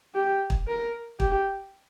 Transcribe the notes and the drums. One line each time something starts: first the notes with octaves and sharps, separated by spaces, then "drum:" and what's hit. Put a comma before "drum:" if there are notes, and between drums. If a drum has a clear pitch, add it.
G4
drum: kick
A#4
G4, drum: kick